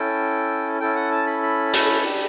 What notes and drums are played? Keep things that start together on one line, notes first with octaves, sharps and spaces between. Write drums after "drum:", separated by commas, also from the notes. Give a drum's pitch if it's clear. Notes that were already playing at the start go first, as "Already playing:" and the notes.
Already playing: C#4 E4 A4 G5
C#4 E4 A4 G5
F#5
A5
B5
B5
drum: hi-hat
D4 G4